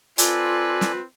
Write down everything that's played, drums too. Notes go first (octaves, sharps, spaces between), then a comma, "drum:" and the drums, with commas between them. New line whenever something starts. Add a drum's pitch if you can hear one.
C4 F4 A4 B4 D5 G#5, drum: hi-hat
drum: snare